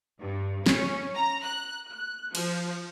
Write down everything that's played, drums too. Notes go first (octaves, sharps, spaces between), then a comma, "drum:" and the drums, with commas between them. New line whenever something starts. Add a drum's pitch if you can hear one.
G2
C#4, drum: snare
A#5
F#6
F#6
F3, drum: cymbal